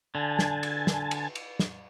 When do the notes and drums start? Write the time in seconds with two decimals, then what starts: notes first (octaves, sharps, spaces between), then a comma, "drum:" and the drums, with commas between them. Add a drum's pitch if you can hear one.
0.15 D3 G#5 A5
0.39 drum: snare
0.63 drum: cymbal
0.87 drum: snare
1.11 drum: cymbal
1.35 drum: cymbal
1.59 drum: snare